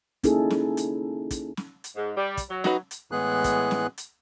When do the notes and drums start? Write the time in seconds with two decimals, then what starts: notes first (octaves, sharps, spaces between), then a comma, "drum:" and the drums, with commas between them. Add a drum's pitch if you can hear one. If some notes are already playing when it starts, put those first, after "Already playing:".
0.24 A#3 C#4 D#4 E4 G#4 A4, drum: kick, hi-hat
0.50 drum: snare
0.77 drum: hi-hat
1.31 drum: kick, hi-hat
1.57 drum: snare
1.84 drum: hi-hat
1.96 G#2
2.17 G3
2.37 drum: kick, hi-hat
2.50 F#3
2.64 D#4 F#4 B4, drum: snare
2.91 drum: hi-hat
3.12 A2 E3 G#3 B3 G#4 F#6
3.44 drum: kick, hi-hat
3.71 drum: snare
3.98 drum: hi-hat